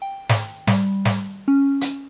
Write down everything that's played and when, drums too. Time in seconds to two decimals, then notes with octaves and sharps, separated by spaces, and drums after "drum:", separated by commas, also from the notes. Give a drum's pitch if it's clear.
0.02 G5
0.29 drum: snare
0.67 G3, drum: snare
1.05 drum: snare
1.48 C#4
1.81 drum: hi-hat